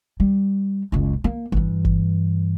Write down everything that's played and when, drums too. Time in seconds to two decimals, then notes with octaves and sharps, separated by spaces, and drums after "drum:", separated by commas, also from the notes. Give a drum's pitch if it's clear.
0.20 G3
0.92 F#1 C#2
1.24 A#3
1.52 G2 E3, drum: kick G1
1.85 drum: kick G1